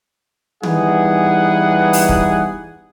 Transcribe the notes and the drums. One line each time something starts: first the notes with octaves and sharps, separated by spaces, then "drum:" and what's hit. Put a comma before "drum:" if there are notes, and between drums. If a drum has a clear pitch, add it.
E3 G3 B3 D#4 G#4 F#5, drum: tom
drum: open hi-hat
drum: kick